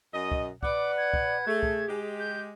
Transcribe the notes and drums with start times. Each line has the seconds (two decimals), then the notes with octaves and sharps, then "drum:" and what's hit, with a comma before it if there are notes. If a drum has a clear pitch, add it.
0.13 F#2 D#5
0.32 drum: kick C2
0.63 B4 D5 F#5 D6, drum: kick C2
0.98 G#6
1.14 drum: kick C2
1.46 A3 G#4
1.63 drum: kick C2
1.88 G#3 G4
2.19 G6